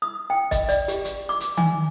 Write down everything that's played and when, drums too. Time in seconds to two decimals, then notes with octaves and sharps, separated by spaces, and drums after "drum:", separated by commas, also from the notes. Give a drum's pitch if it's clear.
0.02 D#6
0.30 G5
0.51 D#5, drum: kick, hi-hat
0.69 D5, drum: hi-hat
0.88 G4, drum: hi-hat
1.05 drum: hi-hat
1.29 D6
1.40 drum: hi-hat
1.57 G#5, drum: tom D#3